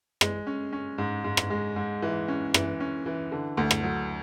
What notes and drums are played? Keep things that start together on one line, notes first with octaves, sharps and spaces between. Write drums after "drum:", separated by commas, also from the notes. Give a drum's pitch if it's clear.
G#3, drum: rim click
C#4
C#4
G#2
G#2
drum: rim click
G#3
G#2
E3
C#4
E3, drum: rim click
C#4
E3
D3
D2
drum: rim click
F#3